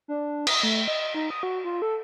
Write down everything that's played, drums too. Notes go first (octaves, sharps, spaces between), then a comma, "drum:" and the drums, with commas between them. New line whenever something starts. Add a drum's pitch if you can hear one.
D4
D#6, drum: cymbal
A3
D#5
D#4
D#6
F#4
F4
A4